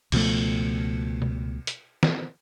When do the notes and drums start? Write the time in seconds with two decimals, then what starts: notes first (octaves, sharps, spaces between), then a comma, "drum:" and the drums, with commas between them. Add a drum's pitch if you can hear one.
0.12 C#2 B2 F3 A3, drum: cymbal
1.22 drum: tom B2
1.67 drum: hi-hat
2.03 drum: snare